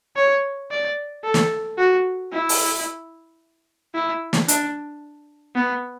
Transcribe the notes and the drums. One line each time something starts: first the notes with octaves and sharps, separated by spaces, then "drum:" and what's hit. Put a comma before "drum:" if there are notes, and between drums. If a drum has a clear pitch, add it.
C#5
D5
A4
drum: snare
F#4
E4
drum: open hi-hat
E4
drum: snare
D4, drum: hi-hat
B3